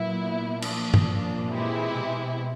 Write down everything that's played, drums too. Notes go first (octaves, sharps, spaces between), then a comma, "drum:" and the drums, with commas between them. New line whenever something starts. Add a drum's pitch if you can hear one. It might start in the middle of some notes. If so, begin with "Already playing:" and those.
Already playing: A#2 F#3 B3 E4
F3 A#3 D4, drum: cymbal
drum: tom G2
A#2
E3 G#3 C4 E4 G4
B2